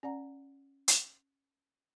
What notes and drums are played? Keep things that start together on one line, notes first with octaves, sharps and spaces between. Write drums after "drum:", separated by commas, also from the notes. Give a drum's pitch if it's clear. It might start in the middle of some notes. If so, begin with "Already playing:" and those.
C#4 D5 F#5 A#5
drum: hi-hat